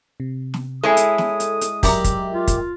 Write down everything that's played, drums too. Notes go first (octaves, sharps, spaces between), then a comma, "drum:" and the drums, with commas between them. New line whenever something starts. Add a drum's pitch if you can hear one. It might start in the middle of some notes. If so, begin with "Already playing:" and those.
C3
drum: snare
G#3 E4 G#4 A4 C#5 D#6
drum: hi-hat
drum: snare
drum: hi-hat
drum: hi-hat
F#3 G4 A#4 D5 E5 A#5, drum: kick, open hi-hat
drum: kick, hi-hat
F4
drum: kick, hi-hat